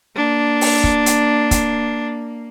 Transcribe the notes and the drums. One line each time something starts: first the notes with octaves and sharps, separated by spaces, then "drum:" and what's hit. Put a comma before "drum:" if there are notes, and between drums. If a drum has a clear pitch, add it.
A#3 D4
drum: open hi-hat
drum: kick
drum: hi-hat
drum: kick, hi-hat